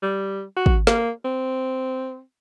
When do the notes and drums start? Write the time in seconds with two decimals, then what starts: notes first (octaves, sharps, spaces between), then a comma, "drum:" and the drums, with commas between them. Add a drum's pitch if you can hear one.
0.03 G3
0.57 F#4
0.66 drum: kick
0.87 A#3, drum: snare
1.25 C4